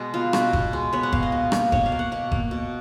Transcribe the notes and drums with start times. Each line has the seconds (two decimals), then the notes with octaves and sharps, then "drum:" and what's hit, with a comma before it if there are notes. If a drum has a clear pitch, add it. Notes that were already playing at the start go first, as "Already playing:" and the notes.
Already playing: B2 G#3
0.14 B3 F4
0.33 B2 F#4, drum: rim click
0.53 B2, drum: kick F#1
0.73 G#3
0.93 B3 C#5
1.03 F#5
1.12 B2 F5, drum: kick F#1
1.23 D#5
1.32 B2
1.52 A#3, drum: rim click
1.72 B2 C#5, drum: kick F#1
1.86 F5
1.92 A#3
1.99 F#5
2.12 B2 F#5
2.32 A#3, drum: kick F#1
2.51 B2